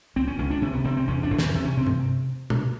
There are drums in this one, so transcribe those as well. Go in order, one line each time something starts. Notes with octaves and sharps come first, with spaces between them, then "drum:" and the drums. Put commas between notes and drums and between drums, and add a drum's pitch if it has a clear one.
C#2 C4
C#4
C#2 C#4
D4
C3 C#4
B3
C3 C4
C4
E2 C#4
D4
E2
C#4, drum: snare
C3
C#4
C3 C4
drum: tom G2
drum: tom